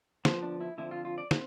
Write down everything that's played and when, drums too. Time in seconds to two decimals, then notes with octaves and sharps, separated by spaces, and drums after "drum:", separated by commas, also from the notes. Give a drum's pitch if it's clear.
0.25 D3 F3 B3 C5, drum: snare
0.43 D4
0.61 E4
0.78 D3 F3 C4 E4
0.91 F4
1.05 F4
1.18 D5
1.31 C4, drum: snare